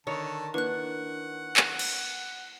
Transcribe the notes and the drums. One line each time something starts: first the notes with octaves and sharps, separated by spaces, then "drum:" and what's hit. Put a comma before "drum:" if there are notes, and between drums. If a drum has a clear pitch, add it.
D3 D#3 C#5 A5
A#3 D4 E4 B4 F#5 F#6
drum: clap
drum: cymbal